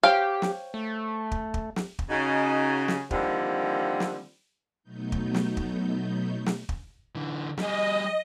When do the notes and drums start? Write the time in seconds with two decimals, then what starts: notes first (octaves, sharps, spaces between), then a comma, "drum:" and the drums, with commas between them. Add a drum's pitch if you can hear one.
0.03 G4 C5 C#5 F5 G5
0.42 drum: snare
0.74 A3
1.32 drum: kick
1.54 drum: kick
1.76 drum: snare
1.99 drum: kick
2.10 C#3 D#4 F#4
2.88 drum: snare
3.11 D3 D#3 F3 G3 A#3 C4, drum: kick
4.00 drum: snare
4.83 B2 F#3 A3 B3 D#4 G6
5.12 drum: kick
5.34 drum: snare
5.57 drum: kick
6.46 drum: snare
6.69 drum: kick
7.15 D3 E3
7.58 G3 G#4 D#5, drum: snare